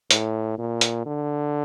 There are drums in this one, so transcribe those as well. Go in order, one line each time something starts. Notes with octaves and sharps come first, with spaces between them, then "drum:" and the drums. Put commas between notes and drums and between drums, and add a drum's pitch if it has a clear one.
A2, drum: hi-hat
A#2
drum: hi-hat
D3